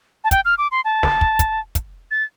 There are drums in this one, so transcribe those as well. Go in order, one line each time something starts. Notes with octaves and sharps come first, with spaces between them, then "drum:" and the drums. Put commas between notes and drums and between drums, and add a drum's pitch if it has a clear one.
A5
G5, drum: kick, hi-hat
F6
D6
C6
A5
drum: snare
drum: kick
drum: kick, hi-hat
drum: kick, hi-hat
A6